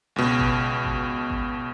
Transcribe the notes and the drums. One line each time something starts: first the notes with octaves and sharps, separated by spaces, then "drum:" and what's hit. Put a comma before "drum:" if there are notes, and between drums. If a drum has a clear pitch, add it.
C#2 B2
drum: kick G#1
drum: kick G#1
drum: kick G#1